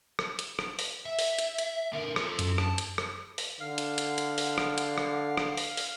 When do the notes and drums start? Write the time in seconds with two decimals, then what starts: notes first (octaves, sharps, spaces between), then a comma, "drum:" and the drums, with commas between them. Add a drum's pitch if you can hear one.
0.19 drum: rim click
0.39 drum: hi-hat
0.59 drum: rim click
0.79 drum: open hi-hat
1.05 E5
1.19 drum: open hi-hat
1.39 drum: hi-hat
1.58 drum: hi-hat
1.93 D3 A#4
2.16 F4 A4, drum: rim click
2.39 F#2, drum: hi-hat
2.58 A5, drum: rim click
2.78 drum: hi-hat
2.98 drum: rim click
3.38 drum: open hi-hat
3.61 D3 F5
3.78 drum: hi-hat
3.98 drum: hi-hat
4.18 drum: hi-hat
4.38 drum: open hi-hat
4.58 drum: rim click
4.78 drum: hi-hat
4.98 drum: rim click
5.37 drum: rim click
5.57 drum: open hi-hat
5.77 drum: open hi-hat